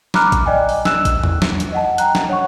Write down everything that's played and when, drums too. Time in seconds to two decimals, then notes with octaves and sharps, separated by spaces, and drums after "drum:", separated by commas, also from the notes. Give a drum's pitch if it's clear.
0.14 A#5 B5 D6 F6 F#6, drum: snare
0.32 drum: kick A1, hi-hat
0.46 D5 D#5 G5 G#5
0.69 drum: open hi-hat
0.85 E6 F#6 E7, drum: snare
1.05 drum: kick A1, hi-hat
1.24 drum: tom E2
1.42 drum: snare
1.60 drum: hi-hat
1.72 D#5 F#5 A5
1.98 G5 A#5 F#6, drum: hi-hat
2.15 drum: snare
2.29 C#5 F#5 C#6